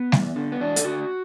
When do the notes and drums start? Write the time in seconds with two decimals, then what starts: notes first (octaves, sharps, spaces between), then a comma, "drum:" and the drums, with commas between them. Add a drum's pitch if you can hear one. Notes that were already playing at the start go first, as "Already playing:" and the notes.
Already playing: B3
0.12 E2, drum: snare G3
0.36 D3
0.52 B3
0.61 E2 D4
0.76 A4, drum: hi-hat
0.85 D3 F#4